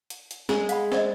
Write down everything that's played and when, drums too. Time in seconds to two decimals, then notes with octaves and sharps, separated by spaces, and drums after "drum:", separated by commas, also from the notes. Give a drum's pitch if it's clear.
0.10 drum: hi-hat
0.31 drum: hi-hat
0.49 G#3 G#4, drum: snare
0.69 F5 F#5 B5, drum: hi-hat
0.92 C5 D5 D#5, drum: snare